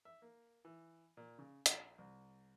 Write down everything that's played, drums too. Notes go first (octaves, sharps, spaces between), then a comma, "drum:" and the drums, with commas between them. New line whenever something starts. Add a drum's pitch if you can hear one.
E5
A#3
E3
A#2
C#3
A#1, drum: hi-hat
C2